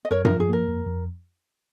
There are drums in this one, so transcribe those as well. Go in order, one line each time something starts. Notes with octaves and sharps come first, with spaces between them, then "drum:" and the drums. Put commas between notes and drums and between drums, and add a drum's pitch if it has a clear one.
D#5
F#2 A#4 C#5
A#4, drum: tom G2
F3
G#4
A#3 A#4
F2
F2